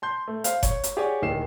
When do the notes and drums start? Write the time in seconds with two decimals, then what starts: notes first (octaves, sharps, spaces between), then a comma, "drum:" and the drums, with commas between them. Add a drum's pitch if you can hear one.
0.02 A5 C6 G6
0.28 A3
0.44 C5 F5, drum: hi-hat
0.63 C#5, drum: kick F#1, hi-hat
0.84 drum: hi-hat
0.97 G4 G#4 C#5 D5 F#5 G#5
1.22 D1 D#2 D#3 C7 E7